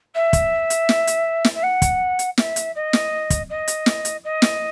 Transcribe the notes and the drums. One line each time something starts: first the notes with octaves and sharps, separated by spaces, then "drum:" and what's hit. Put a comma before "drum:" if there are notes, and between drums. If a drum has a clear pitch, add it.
E5
drum: kick, hi-hat
drum: hi-hat
drum: snare
drum: hi-hat
drum: snare
E5
F#5
drum: kick, hi-hat
drum: hi-hat
E5, drum: snare
drum: hi-hat
D#5
drum: snare
drum: kick, hi-hat
D#5
drum: hi-hat
drum: snare
drum: hi-hat
D#5
drum: snare